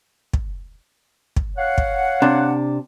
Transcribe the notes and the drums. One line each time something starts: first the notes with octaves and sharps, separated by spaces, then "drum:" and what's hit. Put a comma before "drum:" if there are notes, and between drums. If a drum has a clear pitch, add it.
drum: kick
drum: kick
C#5 F5 F#5
drum: kick
C3 D4